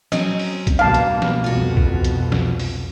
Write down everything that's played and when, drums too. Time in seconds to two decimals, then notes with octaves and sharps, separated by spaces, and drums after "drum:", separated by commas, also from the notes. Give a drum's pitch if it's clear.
0.12 F#3 C4 C#4 D#5, drum: snare
0.39 drum: open hi-hat
0.67 drum: kick A#1, hi-hat
0.79 G2 B2 G3 A#3 F5 A5
0.94 drum: hi-hat
1.22 drum: snare
1.44 C2 F2 B2 F4 F#4
1.77 drum: kick A#1
2.04 drum: hi-hat
2.32 drum: snare
2.59 drum: open hi-hat